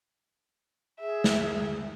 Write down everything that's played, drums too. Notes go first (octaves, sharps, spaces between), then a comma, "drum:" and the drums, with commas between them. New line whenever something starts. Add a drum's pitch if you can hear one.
G#4 E5
drum: snare